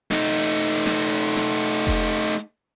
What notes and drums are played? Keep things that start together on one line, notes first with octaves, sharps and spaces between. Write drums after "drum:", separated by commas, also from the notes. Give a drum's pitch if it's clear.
A3 D#4, drum: snare
drum: hi-hat
drum: snare
drum: snare
drum: kick F1, open hi-hat
drum: hi-hat